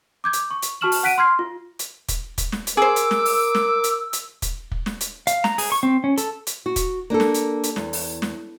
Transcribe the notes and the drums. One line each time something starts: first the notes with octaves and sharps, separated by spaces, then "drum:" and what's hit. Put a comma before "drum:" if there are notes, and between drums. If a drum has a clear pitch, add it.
D6 G6 G#6
drum: hi-hat
C#6
drum: hi-hat
F#4 A5 C#6 F6 E7 F#7
drum: open hi-hat
F#5 F#6 B6 D7 D#7
C6 F6 G#6 C7
F4
drum: hi-hat
drum: kick, hi-hat
drum: kick, hi-hat
drum: snare
drum: hi-hat
G#4 A#4 C5 D6 E6
drum: hi-hat
drum: snare
drum: open hi-hat
drum: snare
drum: hi-hat
drum: hi-hat
drum: kick, hi-hat
drum: kick
drum: snare
drum: hi-hat
F5, drum: hi-hat
A#5, drum: snare
G#4, drum: open hi-hat
C#6
C4
C#4
A4, drum: hi-hat
drum: hi-hat
F#4
drum: kick, hi-hat
A#3 D4 G4 A4
drum: snare
drum: hi-hat
drum: hi-hat
E2, drum: snare
drum: open hi-hat
drum: snare